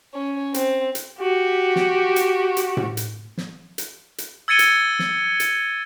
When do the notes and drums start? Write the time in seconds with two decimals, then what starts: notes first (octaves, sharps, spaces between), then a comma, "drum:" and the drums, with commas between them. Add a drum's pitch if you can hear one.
0.14 C#4
0.54 C4, drum: hi-hat
0.95 drum: hi-hat
1.19 F#4 G4
1.76 drum: snare
2.16 drum: hi-hat
2.57 drum: hi-hat
2.77 drum: tom A2
2.97 drum: hi-hat
3.38 drum: snare
3.78 drum: hi-hat
4.18 drum: hi-hat
4.48 E6 G#6 A6 C#7 D#7 G7
4.59 drum: hi-hat
4.99 drum: snare
5.40 drum: hi-hat